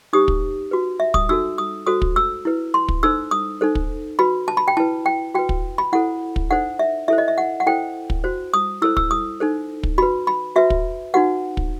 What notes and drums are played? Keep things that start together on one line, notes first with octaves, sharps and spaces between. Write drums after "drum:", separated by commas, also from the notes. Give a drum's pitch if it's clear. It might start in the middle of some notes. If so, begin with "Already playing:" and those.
D#4 G4 C5 D#6
drum: kick
F#4 B4
E5
D#6, drum: kick
D#4 F#4 A4 E6
D#6
F#4 A4 C5 D#6
drum: kick
E6
E4 B4
C6
drum: kick
D#4 A4 C5 E6
D#6
D#4 A4 C5
drum: kick
F#4 B4 B5
A5
B5
G5
E4 B4 A5
G5
F#4 B4 G5
drum: kick
B5
E4 A4 C5 F#5
drum: kick
D#4 A4 C5 F#5
E5
E4 A4 C5 E5
D#5
E5
F#5
F#5
E4 A4 C5 G5
drum: kick
F#4 C5
D#6
E4 A4 C5 E6
E6, drum: kick
D#6
D#4 A4 C5
drum: kick
F#4 B4 B5
B5
F#4 B4 E5
drum: kick
D#4 F#4 B4 F#5
drum: kick